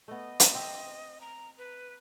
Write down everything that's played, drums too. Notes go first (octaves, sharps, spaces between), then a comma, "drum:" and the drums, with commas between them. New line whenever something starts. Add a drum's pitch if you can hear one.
A3 B3 D#5
drum: hi-hat
C4 C5 E5
A#5
B4